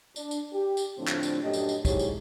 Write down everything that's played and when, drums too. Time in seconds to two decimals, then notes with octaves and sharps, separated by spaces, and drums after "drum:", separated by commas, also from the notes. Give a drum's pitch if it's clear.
0.16 D4, drum: tambourine
0.31 drum: tambourine
0.54 G4
0.77 drum: tambourine
0.99 A2 D3 F3 C4 D4
1.08 drum: clap
1.23 drum: tambourine
1.43 F#2 A2 D4 G4 D#5
1.53 drum: tambourine
1.69 drum: tambourine
1.85 G#2 F#3 E4 G4 C#5, drum: kick, tambourine
1.99 drum: tambourine